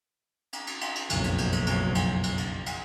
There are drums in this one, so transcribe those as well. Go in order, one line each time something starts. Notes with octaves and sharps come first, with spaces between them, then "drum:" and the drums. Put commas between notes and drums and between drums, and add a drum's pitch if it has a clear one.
drum: cymbal
drum: cymbal
drum: cymbal
drum: cymbal
F#1 B1 F2 F#3, drum: cymbal
drum: cymbal
drum: cymbal
drum: cymbal
drum: cymbal
drum: cymbal
drum: cymbal
drum: cymbal
drum: cymbal